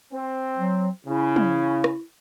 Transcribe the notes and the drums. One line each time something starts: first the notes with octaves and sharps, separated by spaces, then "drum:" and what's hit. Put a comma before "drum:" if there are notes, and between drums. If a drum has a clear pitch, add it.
C4
F#3
C#3 E4
drum: tom
drum: rim click